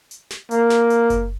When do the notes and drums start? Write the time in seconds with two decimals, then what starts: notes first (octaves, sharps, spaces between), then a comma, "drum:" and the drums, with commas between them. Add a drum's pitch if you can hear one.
0.11 drum: hi-hat
0.31 drum: snare
0.51 A#3, drum: hi-hat
0.70 drum: snare
0.90 drum: hi-hat
1.10 drum: kick F#1, hi-hat